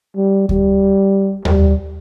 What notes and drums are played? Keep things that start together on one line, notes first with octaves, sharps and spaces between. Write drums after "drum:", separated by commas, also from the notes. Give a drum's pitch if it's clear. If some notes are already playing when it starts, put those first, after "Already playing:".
G3
G3, drum: kick D2
G3, drum: tom D#2